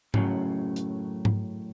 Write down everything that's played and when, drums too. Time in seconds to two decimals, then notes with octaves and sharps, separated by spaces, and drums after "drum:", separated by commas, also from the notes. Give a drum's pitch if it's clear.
0.14 F#2 A2 C#3 F#3, drum: tom G#2
0.76 drum: hi-hat
1.25 drum: tom G#2